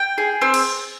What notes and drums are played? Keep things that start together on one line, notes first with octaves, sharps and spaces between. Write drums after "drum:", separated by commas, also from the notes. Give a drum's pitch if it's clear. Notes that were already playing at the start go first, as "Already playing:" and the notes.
Already playing: G5
G#4
C4
drum: cymbal